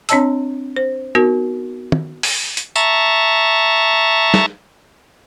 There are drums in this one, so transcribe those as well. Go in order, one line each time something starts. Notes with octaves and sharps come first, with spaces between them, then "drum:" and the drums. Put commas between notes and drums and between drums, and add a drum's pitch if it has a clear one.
C4 D4 C#5 D#5 A5 E6, drum: hi-hat
C5
B3 D#4 F#4 A#4
drum: tom
drum: open hi-hat
drum: hi-hat
E5 A5 A#5 C#6, drum: tambourine
drum: snare